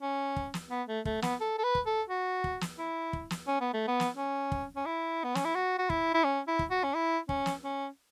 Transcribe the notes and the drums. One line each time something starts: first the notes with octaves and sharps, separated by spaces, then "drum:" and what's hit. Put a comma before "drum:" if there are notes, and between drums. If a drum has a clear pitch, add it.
C#4
drum: kick
drum: snare
B3
A3
A3, drum: kick
B3, drum: snare
A4
A4
B4
drum: kick
A4
F#4
drum: kick
drum: snare
E4
drum: kick
drum: snare
C#4
B3
A3
B3
drum: snare
C#4
drum: kick
C#4
E4
B3
C#4, drum: snare
E4
F#4
F#4
E4, drum: kick
E4
C#4
E4
drum: kick
F#4
C#4
E4
C#4, drum: kick
drum: snare
C#4